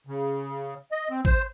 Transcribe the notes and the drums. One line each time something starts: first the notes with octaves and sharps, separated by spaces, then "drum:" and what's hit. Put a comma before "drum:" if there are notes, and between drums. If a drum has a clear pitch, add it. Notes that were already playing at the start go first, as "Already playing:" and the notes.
C#3
D#5
C4
C5, drum: kick